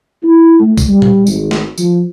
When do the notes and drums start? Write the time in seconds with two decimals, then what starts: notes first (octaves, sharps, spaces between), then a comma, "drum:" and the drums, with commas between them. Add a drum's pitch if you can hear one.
0.22 E4
0.59 A3
0.78 drum: kick B1, tambourine
0.88 G3
1.02 drum: tom A#2
1.27 G#1, drum: tambourine
1.51 drum: snare
1.78 F3, drum: tambourine